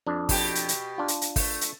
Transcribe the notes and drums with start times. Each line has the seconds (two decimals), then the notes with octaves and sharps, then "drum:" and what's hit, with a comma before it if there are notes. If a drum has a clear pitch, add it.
0.07 F2 D4
0.29 B2 G4, drum: kick, open hi-hat
0.55 drum: hi-hat
0.68 drum: hi-hat
0.98 D4 F4
1.08 drum: hi-hat
1.21 drum: hi-hat
1.36 A3, drum: kick, open hi-hat
1.61 drum: hi-hat